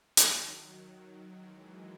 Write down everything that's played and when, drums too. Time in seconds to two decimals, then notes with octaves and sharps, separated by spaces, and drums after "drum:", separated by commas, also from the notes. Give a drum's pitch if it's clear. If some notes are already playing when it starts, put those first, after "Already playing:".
0.17 D#3 F#3, drum: hi-hat
0.56 D#3 F#3
1.34 E3 G#3